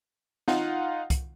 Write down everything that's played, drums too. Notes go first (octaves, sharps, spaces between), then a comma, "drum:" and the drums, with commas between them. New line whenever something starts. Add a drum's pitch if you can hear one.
D#4 F4 F5 F#5, drum: snare
drum: kick, hi-hat